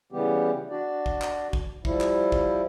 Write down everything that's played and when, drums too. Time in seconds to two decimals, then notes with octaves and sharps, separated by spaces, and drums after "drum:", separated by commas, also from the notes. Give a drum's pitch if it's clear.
0.12 C#3 E3 G3 B3 G4
0.70 D4 F#4 D5
1.06 drum: kick
1.22 drum: clap
1.53 drum: kick
1.85 F3 G3 E4, drum: kick
2.01 drum: clap
2.32 drum: kick